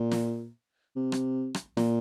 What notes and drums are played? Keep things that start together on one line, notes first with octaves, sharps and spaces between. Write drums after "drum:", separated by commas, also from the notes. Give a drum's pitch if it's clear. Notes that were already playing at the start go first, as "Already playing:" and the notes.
Already playing: A#2
drum: snare
C3
drum: rim click
drum: rim click
A#2, drum: snare